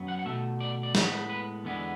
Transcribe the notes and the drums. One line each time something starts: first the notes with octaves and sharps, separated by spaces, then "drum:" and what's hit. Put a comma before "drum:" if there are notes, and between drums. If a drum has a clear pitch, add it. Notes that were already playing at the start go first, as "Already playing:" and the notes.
Already playing: F#2 F#3 B3
F#5
F#5
B2 A3 E5
D5
D5
A2 G#3 B3 C#5, drum: snare
B4
E2 D3 G#3 B3